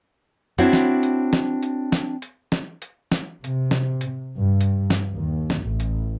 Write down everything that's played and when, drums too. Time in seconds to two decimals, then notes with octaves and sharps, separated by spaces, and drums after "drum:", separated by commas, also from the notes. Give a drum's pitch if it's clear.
0.58 C4 D4 E4 F#4 C5 C#5
0.73 drum: snare
1.03 drum: hi-hat
1.33 drum: snare
1.63 drum: hi-hat
1.92 drum: snare
2.22 drum: hi-hat
2.52 drum: snare
2.82 drum: hi-hat
3.12 drum: snare
3.44 C3, drum: hi-hat
3.71 drum: snare
4.01 drum: hi-hat
4.38 G2
4.61 drum: hi-hat
4.90 drum: snare
5.14 D#2
5.50 drum: snare
5.63 A1
5.80 drum: hi-hat